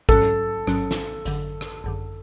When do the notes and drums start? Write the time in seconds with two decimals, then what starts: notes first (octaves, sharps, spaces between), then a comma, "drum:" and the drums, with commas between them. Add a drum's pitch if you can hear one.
0.09 A1 G#2 F#3 C#4 A4, drum: kick G#1
0.67 A1 G#2 F#3 C#4, drum: rim click
0.91 drum: snare
1.25 G#1 F#2 D3, drum: hi-hat
1.61 drum: rim click
1.84 G#1 F#2 D3